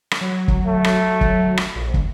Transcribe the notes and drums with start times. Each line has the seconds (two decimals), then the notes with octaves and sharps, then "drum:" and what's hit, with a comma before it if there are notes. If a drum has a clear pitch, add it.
0.11 drum: rim click
0.21 F#3
0.48 drum: kick
0.67 A3
0.84 drum: rim click
1.21 drum: kick
1.57 drum: rim click
1.76 A#1
1.94 drum: kick